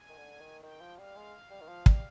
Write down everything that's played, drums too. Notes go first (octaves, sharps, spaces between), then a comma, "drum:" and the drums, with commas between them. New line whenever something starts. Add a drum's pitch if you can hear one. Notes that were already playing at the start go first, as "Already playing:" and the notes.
Already playing: G#5
D#3
D3
D#3
D#3 G5
F3
G3 F5
G#3
G3
D#3
F3
G3, drum: kick